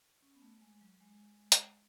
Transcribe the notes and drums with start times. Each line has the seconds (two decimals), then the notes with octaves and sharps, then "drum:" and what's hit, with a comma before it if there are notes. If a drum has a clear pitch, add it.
0.22 C#4
0.35 B3
0.42 A3
0.61 G#3
0.81 F#3
1.00 G#3
1.52 drum: hi-hat